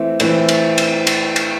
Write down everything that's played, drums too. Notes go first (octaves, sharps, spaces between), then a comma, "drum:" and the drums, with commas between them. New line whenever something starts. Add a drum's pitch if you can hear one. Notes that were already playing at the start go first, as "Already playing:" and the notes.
Already playing: E3 A3 C4 E4
E3 A3 C4 E4, drum: cymbal
drum: cymbal
drum: cymbal
drum: cymbal
drum: cymbal